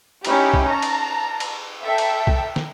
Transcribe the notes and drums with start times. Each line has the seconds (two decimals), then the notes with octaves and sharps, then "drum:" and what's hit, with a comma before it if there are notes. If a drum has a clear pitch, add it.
0.25 C#4 D#4 E4 G4, drum: cymbal
0.53 drum: kick B1
0.67 A5 A#5
0.82 drum: cymbal
1.40 drum: cymbal
1.83 A4 E5 G5
1.98 drum: cymbal
2.27 drum: kick B1
2.56 drum: snare